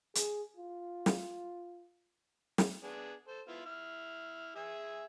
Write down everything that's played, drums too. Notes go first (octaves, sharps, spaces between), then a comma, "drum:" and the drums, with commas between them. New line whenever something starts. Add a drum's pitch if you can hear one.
G#4, drum: hi-hat
F4
drum: snare
drum: snare
B3 D4 G#4
A4 C5
B3 E4 F4
E4 F6
G#4 E5 G#5